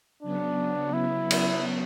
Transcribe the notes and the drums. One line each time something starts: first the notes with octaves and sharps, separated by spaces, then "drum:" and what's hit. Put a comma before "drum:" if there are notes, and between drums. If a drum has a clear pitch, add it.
C#3 F#3 B3 D4
E4
drum: cymbal